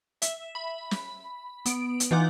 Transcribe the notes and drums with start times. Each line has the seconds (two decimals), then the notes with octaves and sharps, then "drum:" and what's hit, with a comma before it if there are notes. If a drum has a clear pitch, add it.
0.22 E5, drum: hi-hat
0.55 B5
0.91 drum: snare
1.66 B3 D7, drum: hi-hat
2.00 drum: hi-hat
2.11 E3 D#4 F4 F#5 D6 G6